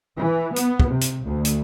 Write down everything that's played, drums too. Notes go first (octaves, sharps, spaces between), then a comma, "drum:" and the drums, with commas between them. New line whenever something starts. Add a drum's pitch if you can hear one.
E3
B3, drum: hi-hat
drum: kick
C3
drum: hi-hat
D2
drum: hi-hat